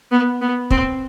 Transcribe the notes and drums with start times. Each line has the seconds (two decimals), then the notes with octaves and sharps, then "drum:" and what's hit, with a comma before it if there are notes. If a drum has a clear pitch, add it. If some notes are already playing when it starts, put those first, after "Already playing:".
0.11 B3
0.41 B3
0.70 C4, drum: kick